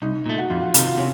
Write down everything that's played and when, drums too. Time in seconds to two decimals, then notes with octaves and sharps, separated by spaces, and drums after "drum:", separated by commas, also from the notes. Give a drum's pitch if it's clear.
0.02 C2 D#4
0.26 A#2 A3
0.38 F#4
0.50 F2 F4
0.61 F#4
0.74 C3 D#3 F4, drum: hi-hat
0.86 F4
0.98 C3 C#4